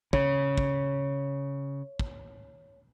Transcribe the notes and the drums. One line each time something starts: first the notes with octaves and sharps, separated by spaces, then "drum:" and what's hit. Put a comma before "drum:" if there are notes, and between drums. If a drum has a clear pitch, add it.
C#3 C#5, drum: kick
drum: kick
drum: kick